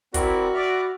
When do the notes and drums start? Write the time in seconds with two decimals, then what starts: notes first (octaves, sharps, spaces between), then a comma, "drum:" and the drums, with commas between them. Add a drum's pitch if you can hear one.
0.14 C4 E4 F#4 A#4 D5, drum: kick, hi-hat
0.54 D5 E5 B5 F6